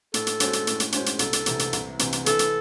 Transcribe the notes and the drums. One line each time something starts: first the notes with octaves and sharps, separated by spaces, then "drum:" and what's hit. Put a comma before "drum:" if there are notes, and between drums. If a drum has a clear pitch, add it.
A2 A4, drum: hi-hat
drum: hi-hat
G#3 C#4 F#4 C5, drum: hi-hat
drum: hi-hat
A2, drum: hi-hat
drum: hi-hat
G#3 C#4 F#4 C5, drum: hi-hat
drum: hi-hat
C2 A4, drum: hi-hat
drum: hi-hat
C3 E3 C4, drum: hi-hat
drum: hi-hat
C2, drum: hi-hat
C3 E3 C4, drum: hi-hat
drum: hi-hat
E3 A4, drum: hi-hat
drum: hi-hat